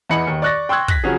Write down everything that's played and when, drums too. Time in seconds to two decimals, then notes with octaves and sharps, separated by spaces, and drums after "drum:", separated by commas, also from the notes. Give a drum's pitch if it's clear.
0.09 E2 E3 D#5 B5 C#7 F#7
0.27 D#2 D#3
0.42 D5 C#6 F#6 A6 A#6
0.69 G5 C6 C#6 E6 F#6 G#6
0.88 F#6 A#6 B6, drum: kick
1.04 C#3 F3 F#3 C#4 F#4 G#4